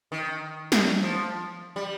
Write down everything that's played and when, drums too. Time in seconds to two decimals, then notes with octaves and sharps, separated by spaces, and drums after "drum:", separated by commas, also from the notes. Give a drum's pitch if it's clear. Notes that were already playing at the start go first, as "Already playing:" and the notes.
0.12 D#3
0.72 drum: snare
1.03 F3
1.76 G3